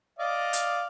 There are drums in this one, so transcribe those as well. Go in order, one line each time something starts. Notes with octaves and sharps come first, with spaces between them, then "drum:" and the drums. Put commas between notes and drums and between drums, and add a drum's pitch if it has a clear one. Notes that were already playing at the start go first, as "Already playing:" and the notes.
D5 D#5 F5
drum: hi-hat